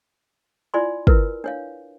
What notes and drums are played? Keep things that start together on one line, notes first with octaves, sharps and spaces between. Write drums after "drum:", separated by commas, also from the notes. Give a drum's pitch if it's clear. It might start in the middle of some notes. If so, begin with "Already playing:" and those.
E4 F4 D5 G#5 B5 C6
E4 A#4 B4, drum: kick
D4 C#5 F5